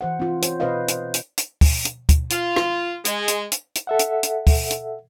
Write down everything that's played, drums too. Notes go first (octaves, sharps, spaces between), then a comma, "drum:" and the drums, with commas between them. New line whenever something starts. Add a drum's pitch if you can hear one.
E3 C5 F#5
C4 F4
C5 C#5, drum: hi-hat
B2 C4 B4 C5 D#5 F5
C5, drum: hi-hat
drum: hi-hat
drum: hi-hat
drum: kick, open hi-hat
drum: hi-hat
drum: kick, hi-hat
F4, drum: hi-hat
drum: rim click
G#3, drum: hi-hat
drum: hi-hat
drum: hi-hat
drum: hi-hat
A4 E5 F#5
drum: hi-hat
drum: hi-hat
drum: kick, open hi-hat
drum: hi-hat